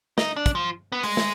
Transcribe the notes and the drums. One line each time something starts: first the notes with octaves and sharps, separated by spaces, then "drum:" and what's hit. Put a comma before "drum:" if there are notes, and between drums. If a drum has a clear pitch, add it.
D#4, drum: snare
D4
drum: kick, hi-hat
F3
B3
G#3, drum: open hi-hat
drum: snare